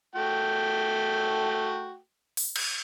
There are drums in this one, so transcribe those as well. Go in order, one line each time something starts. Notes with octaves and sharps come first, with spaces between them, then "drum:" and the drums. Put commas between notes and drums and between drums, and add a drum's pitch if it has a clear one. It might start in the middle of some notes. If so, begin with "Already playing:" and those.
A3 F#4 G5
drum: open hi-hat
drum: cymbal